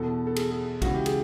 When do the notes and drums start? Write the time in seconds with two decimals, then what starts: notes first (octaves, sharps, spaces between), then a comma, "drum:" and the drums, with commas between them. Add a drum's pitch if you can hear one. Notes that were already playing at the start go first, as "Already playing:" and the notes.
Already playing: E2 B2 A4
0.27 A4
0.36 G#4, drum: cymbal
0.51 G#4
0.82 C#2 C#3 E3 F#4, drum: kick, cymbal
0.94 G4
1.06 G#4, drum: cymbal